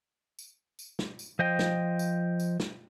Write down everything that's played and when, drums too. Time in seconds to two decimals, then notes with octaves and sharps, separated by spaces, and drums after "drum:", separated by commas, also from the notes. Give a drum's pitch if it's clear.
0.39 drum: tambourine
0.79 drum: tambourine
0.99 drum: snare
1.19 drum: tambourine
1.39 F3 C5 D#5 G5
1.59 drum: snare
1.99 drum: tambourine
2.40 drum: tambourine
2.60 drum: snare